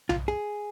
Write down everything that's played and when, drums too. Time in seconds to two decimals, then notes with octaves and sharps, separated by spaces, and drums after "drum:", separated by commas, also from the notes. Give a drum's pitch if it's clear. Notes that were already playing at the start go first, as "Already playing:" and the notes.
0.09 F4, drum: tom B1
0.28 G#4